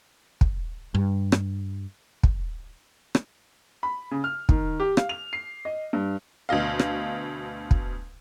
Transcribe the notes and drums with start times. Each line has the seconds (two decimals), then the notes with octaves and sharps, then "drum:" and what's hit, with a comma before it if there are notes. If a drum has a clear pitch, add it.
0.41 drum: kick
0.95 G2
1.32 drum: rim click
2.23 drum: kick
3.15 drum: rim click
3.83 B5
4.11 C#3
4.24 F6
4.49 D#3, drum: kick
4.80 G4
4.97 F5, drum: rim click
5.09 F7
5.33 C7
5.65 D#5
5.93 G2
6.49 D2 B2 D#5 F5
6.79 drum: rim click
7.71 drum: kick